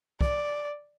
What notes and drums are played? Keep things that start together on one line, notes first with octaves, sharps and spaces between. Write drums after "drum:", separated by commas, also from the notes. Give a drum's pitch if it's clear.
D5, drum: kick